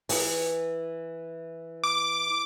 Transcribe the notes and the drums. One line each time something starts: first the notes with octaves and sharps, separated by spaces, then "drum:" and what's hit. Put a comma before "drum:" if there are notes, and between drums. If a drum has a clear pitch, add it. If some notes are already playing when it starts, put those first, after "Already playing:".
E3, drum: open hi-hat
D6